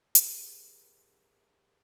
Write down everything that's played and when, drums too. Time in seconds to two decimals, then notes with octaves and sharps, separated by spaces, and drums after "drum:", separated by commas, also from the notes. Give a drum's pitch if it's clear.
0.15 G4 G#4 A#4 C5, drum: hi-hat